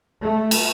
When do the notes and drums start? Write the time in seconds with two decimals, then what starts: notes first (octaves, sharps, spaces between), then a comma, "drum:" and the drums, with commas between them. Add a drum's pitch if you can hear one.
0.22 A3
0.51 drum: cymbal